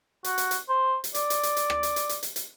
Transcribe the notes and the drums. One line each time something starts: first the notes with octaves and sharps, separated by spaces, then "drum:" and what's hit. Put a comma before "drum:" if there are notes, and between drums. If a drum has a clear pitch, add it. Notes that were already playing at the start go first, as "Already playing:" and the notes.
F#4, drum: hi-hat
drum: hi-hat
drum: hi-hat
C5
drum: hi-hat
D5, drum: hi-hat
drum: hi-hat
drum: hi-hat
drum: hi-hat
drum: rim click
drum: hi-hat
drum: hi-hat
drum: hi-hat
drum: hi-hat
drum: hi-hat